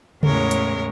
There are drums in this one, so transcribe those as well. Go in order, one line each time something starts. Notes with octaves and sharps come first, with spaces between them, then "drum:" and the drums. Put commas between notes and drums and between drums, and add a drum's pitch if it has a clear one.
E2 A2 C#3 G#3 A#4 C#5, drum: tom C#3
drum: hi-hat